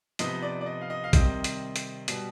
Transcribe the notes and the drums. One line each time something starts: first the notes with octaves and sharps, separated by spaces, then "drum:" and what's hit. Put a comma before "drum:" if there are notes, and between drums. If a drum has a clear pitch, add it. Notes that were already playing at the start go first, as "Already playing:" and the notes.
C3 F3 B3 D#4 D#5, drum: hi-hat
D5
D5
D#5
F5
D#5
F5
C3 D#3 G3 C4 D#5, drum: kick A#1, hi-hat
drum: hi-hat
drum: hi-hat
B2 G3 B3, drum: hi-hat